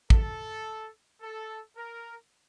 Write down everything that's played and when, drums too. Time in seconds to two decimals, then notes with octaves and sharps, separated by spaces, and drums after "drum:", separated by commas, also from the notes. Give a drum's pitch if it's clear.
0.10 A4, drum: kick
1.21 A4
1.76 A#4